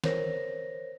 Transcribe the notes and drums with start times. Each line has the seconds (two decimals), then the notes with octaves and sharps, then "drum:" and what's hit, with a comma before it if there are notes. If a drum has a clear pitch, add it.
0.04 A#4 C5 C#5 A#6, drum: snare